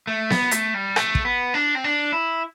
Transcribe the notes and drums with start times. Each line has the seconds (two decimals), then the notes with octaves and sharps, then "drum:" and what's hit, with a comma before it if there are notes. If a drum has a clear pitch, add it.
0.07 A3
0.30 B3, drum: snare B3
0.51 A3, drum: hi-hat
0.74 G3
0.96 A3, drum: rim click
1.15 drum: kick
1.25 B3
1.54 D4
1.75 C4
1.84 D4
2.12 E4